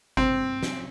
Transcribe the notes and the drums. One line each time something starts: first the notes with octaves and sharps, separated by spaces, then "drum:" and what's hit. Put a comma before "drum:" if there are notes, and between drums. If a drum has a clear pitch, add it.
C4, drum: kick G1
drum: snare